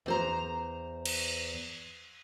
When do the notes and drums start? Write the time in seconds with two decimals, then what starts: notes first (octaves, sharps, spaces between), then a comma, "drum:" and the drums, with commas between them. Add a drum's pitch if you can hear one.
0.06 E2 C5 A#5
1.06 drum: cymbal